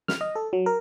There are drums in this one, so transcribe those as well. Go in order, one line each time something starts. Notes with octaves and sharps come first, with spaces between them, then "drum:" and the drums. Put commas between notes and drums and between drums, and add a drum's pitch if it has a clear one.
F6, drum: snare
D#5
A4
F#3
A#4